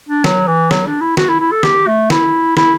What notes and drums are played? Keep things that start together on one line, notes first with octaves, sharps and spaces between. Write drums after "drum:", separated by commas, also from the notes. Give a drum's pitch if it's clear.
D4
F#3, drum: snare
E3
F#3, drum: snare
D4
E4
F#4, drum: snare
E4
E4
A4
G4, drum: snare
A3
E4, drum: snare
E4, drum: snare